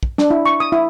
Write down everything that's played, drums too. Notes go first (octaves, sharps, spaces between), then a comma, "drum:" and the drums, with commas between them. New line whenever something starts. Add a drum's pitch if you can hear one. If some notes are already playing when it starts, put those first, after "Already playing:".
drum: kick
D4, drum: snare
E4
C#6
D#6
E4